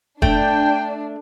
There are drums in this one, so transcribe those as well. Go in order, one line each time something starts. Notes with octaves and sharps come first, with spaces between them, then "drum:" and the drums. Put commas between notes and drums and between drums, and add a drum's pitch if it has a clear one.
A3 D4 G5, drum: kick E1